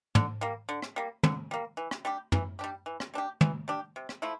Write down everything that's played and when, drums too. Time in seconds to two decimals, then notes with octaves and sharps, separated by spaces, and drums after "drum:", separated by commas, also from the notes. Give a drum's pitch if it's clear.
0.15 D3, drum: tom
0.41 G3 A#3
0.69 D3
0.82 drum: rim click
0.96 G3 A#3
1.23 D3, drum: tom
1.51 G3 A#3
1.77 E3
1.91 drum: rim click
2.05 G3 D4 G4
2.32 E3, drum: tom F#2
2.59 G3 D4 G4
2.86 E3
3.00 drum: rim click
3.14 G3 D4 G4
3.41 E3, drum: tom
3.68 G3 D4 G4
3.96 C3
4.09 drum: rim click
4.22 F3 A3 E4